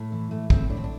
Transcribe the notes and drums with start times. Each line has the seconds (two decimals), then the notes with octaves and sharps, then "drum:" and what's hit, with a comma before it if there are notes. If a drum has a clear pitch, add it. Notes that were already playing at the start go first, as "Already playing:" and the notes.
Already playing: A2
0.12 E3
0.31 A2 A3
0.50 A2 C4, drum: kick
0.70 A2 D4
0.77 C4
0.84 D4